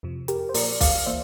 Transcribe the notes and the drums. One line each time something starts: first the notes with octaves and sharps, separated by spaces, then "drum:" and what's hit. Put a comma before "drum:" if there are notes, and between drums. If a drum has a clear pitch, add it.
F2 C3 F3
G4 A#4, drum: hi-hat
C5
A#2 F3 A#3 A#4 D5, drum: open hi-hat
D5 F5, drum: kick, open hi-hat
E3 A#3 C5 E5